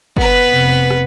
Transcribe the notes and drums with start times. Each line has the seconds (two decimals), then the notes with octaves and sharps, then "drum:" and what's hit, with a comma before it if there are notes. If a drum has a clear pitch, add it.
0.17 B3 B4, drum: kick
0.49 F1 C3
0.90 drum: rim click